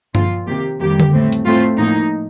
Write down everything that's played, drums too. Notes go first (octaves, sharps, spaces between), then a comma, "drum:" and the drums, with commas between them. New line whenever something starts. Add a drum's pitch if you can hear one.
A#2 F3 C4 F4, drum: tom G2
C3 D#3 A#3 G4
F2 D#3 G3 A#3 G4
drum: tom D3
A2 A3 C4
drum: hi-hat
A2 A3 C4 F4
A2 F3 A#3 D#4